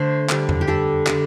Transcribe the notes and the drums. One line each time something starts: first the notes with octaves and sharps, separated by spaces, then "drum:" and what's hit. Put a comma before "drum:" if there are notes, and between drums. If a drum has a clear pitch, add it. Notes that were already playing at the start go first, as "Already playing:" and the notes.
Already playing: D3 A3 C5
D3 G3, drum: clap
drum: tom E2
G4
D3 G3 A4
D3 G3, drum: clap